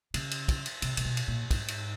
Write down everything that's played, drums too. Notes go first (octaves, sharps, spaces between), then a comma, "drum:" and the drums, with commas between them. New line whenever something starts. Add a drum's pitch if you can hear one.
C#3, drum: cymbal
drum: cymbal
drum: kick, cymbal
drum: cymbal
C3, drum: cymbal
C3, drum: cymbal
B2
drum: cymbal
A#2
G#2, drum: kick, cymbal
drum: cymbal